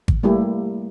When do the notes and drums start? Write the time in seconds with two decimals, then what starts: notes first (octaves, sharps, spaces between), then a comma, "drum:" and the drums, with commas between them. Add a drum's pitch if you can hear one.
0.08 drum: kick G#1
0.23 G3 A3 A#3 E4 G4